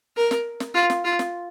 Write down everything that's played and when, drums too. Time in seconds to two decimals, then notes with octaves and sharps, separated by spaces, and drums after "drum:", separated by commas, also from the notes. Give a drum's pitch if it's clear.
0.16 A#4
0.31 drum: snare
0.60 drum: snare
0.75 F4
0.90 drum: snare
1.04 F4
1.19 drum: snare